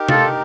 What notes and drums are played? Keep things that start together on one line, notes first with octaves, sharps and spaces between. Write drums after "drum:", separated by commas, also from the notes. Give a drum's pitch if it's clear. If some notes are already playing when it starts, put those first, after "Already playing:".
Already playing: D#4 G4 A#4
F4 A4, drum: tom C3